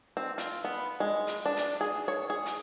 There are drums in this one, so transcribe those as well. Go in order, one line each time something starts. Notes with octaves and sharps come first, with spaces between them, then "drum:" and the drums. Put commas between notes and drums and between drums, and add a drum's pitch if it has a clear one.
C4
F4, drum: hi-hat
B3
G#3
drum: hi-hat
D4
drum: hi-hat
G#4
C#5
G#4
drum: hi-hat